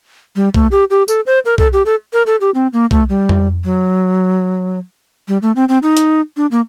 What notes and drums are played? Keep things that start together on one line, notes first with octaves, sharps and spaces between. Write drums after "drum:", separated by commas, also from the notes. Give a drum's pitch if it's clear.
G3
A3, drum: kick B1
G4
G4
A4, drum: tambourine
C5
A#4
A4, drum: kick B1
G4
A4
A#4
A4
G4
C4
A#3
A3, drum: kick B1
G3
drum: tom F2
F#3
G3
A3
C4
C4
D#4
drum: hi-hat
D4
A#3